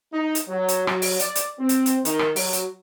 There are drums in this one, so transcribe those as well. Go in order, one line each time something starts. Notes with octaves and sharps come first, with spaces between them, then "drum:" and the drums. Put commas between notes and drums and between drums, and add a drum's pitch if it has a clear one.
D#4
drum: hi-hat
F#3
drum: hi-hat
F#3, drum: rim click
drum: open hi-hat
D5, drum: hi-hat
drum: hi-hat
C4
drum: hi-hat
drum: hi-hat
D#3, drum: hi-hat
drum: rim click
F#3, drum: open hi-hat
drum: hi-hat